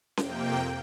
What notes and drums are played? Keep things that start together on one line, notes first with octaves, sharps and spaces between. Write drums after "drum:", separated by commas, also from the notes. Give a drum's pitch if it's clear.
F2 C3 A#3 G5, drum: snare C#4